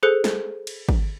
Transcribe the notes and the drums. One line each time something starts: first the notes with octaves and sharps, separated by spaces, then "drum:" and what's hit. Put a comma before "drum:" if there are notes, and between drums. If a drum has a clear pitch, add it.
G#4 A4 C5 F#6 C#7
drum: snare
drum: cymbal
drum: kick